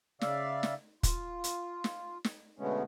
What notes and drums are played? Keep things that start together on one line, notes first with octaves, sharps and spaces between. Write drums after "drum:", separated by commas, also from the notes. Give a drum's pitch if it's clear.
C#3 D5 E5 F5, drum: snare
drum: snare
F4, drum: kick, hi-hat
drum: hi-hat
drum: snare
drum: snare
B2 D3 G#3 A3 B3 C#4